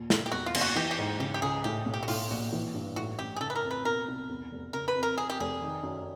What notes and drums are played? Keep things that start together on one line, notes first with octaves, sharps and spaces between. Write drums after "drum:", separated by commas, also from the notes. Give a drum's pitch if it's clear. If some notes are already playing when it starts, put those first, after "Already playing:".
Already playing: D#2 A#2
A#1, drum: snare
G4
E2 F#4
F4
F#1, drum: cymbal
F#4
E3 G4
G4
G#2
C#3 G4
G4
C#2 G#4
A2 G4
B1
G4
F#4
A2 F4, drum: open hi-hat
A#1 F#4
E3
G2
A2 F#4
A1 G4
G#4
C#3 A4
B4
A#4
F2
B4
B2 A#4
C2
E2
F1
C#3 A#4
B4
F2
A#4
F2 G#4
G4
F1 G#4
D#3
F#2